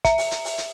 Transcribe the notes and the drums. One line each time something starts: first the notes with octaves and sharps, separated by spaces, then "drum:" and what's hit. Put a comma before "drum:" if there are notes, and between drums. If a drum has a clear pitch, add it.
E5, drum: kick, hi-hat
drum: open hi-hat
drum: hi-hat
drum: open hi-hat
drum: hi-hat